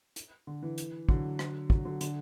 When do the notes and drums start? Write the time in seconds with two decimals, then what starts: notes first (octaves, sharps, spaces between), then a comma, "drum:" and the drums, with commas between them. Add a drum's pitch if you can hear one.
0.16 drum: hi-hat
0.47 D3
0.63 E3
0.78 drum: hi-hat
1.09 D3 F#3, drum: kick
1.39 drum: rim click
1.70 D3 F#3, drum: kick
1.85 D3 F#3
2.01 D3, drum: hi-hat